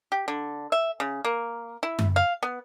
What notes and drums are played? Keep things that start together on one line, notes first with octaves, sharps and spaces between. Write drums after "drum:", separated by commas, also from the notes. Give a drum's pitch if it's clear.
G4
D3
E5
C#3
A#3
E4
drum: tom F#2
F5
B3